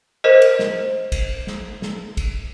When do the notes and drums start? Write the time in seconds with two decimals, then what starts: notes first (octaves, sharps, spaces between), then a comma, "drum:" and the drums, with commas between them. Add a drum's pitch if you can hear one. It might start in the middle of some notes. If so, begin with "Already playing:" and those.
0.24 A#4 C5 D#5
0.42 drum: cymbal
0.59 drum: snare
1.12 drum: kick, cymbal
1.47 drum: snare
1.82 drum: snare
2.17 drum: kick, cymbal